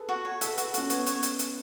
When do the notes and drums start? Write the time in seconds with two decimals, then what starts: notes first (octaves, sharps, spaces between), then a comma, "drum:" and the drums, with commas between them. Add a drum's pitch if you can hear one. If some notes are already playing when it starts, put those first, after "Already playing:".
Already playing: G#4 A4 B4
0.09 F#4
0.25 C#5
0.41 A4 E5, drum: hi-hat
0.53 B4
0.58 F#4, drum: hi-hat
0.65 A4
0.74 C#4 F#4, drum: hi-hat
0.90 B3 C#5, drum: hi-hat
1.06 C#5, drum: hi-hat
1.23 drum: hi-hat
1.39 drum: hi-hat